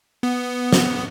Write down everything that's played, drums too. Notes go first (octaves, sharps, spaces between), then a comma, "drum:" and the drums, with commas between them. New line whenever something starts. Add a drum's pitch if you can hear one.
B3
drum: snare